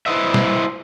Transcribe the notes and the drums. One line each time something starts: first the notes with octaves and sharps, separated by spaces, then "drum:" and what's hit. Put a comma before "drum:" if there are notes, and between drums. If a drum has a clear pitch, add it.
E4 B4 C5 D#5 E5
drum: snare